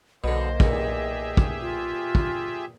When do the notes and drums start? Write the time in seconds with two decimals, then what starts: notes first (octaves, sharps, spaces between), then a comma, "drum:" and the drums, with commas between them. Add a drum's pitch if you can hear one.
0.24 B1 B2 D3 A#3 C5 D#5
0.60 E2 A#2 G4 G#4 E5, drum: kick
1.37 drum: kick
1.61 F4
2.15 drum: kick